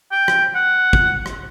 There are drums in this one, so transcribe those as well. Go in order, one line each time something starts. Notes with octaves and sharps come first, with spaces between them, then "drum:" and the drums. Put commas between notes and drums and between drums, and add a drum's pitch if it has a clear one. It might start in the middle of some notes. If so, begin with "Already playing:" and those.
G5
drum: rim click
F#5
drum: kick
drum: rim click